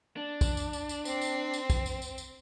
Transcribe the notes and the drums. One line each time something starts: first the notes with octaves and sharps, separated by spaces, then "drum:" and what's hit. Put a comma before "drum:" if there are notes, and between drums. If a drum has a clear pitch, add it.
D4
drum: kick, tambourine
drum: tambourine
drum: tambourine
drum: tambourine
C4, drum: tambourine
drum: tambourine
drum: tambourine
drum: kick, tambourine
drum: tambourine
drum: tambourine
drum: tambourine